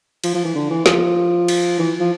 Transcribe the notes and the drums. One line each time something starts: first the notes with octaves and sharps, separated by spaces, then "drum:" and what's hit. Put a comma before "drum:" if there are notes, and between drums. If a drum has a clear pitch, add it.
F3, drum: cymbal
F3
E3
D3
E3
F3, drum: snare
drum: cymbal
E3
F3